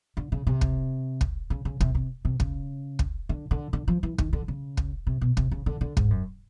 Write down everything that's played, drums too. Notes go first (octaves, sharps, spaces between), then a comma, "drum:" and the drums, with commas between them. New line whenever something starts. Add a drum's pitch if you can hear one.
D3
C#3
C3
drum: kick
drum: kick
C#3
C#3
C3, drum: kick
C3
C3
C#3, drum: kick
drum: kick
D3
D3
D3
F3
E3
D#3, drum: kick
D3
C#3
drum: kick
C3
B2
C3, drum: kick
C#3
D3
D3
G#2, drum: kick
F#2